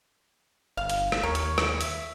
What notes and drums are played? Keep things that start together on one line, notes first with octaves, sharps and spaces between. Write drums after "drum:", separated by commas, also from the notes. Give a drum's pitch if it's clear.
G1 F5
drum: hi-hat
drum: rim click
D#2 A#4 C#5
drum: hi-hat
drum: rim click
E5, drum: hi-hat